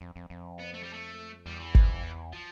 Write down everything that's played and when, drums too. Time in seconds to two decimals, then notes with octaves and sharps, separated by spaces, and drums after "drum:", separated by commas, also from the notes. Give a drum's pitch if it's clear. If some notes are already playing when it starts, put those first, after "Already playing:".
0.01 F2
0.16 F2
0.30 F2
0.59 B3
0.74 A3
0.83 G3
0.93 A3
1.46 E2 G3
1.60 E3
1.75 F2, drum: kick G#1
2.03 E2
2.33 F3